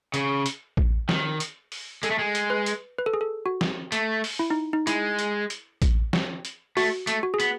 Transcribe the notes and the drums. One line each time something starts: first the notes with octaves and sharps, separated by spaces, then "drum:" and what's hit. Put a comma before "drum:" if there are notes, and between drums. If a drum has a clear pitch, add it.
C#3, drum: hi-hat
drum: hi-hat
drum: kick A1
D#3, drum: snare
drum: hi-hat
drum: open hi-hat
G#3 A4, drum: hi-hat
A3
G#3
drum: hi-hat
B4
drum: hi-hat
B4
A4
G#4
A4
F#4
drum: snare
A3, drum: hi-hat
drum: open hi-hat
E4
D#4
D#4
G#3 E4, drum: hi-hat
drum: hi-hat
drum: hi-hat
drum: kick A1, hi-hat
drum: snare
drum: hi-hat
A3 F#4, drum: open hi-hat
A3, drum: hi-hat
F#4
G#4
B3, drum: hi-hat